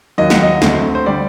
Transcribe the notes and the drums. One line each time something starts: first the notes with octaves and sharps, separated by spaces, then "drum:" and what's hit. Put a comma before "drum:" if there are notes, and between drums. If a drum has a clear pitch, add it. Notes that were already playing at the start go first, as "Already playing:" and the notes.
D#2 D#3 F#3 D#5
F#5, drum: snare
D#5
D2 D3 A3 C4, drum: snare
C5
D3 G3 D5